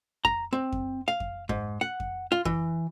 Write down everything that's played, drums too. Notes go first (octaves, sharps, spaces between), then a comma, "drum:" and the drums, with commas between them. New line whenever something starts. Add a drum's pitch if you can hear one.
A#5, drum: kick F2
C4
drum: kick F2
F5
drum: kick F2
G#2, drum: kick F2
F#5
drum: kick F2
F4
E3, drum: kick F2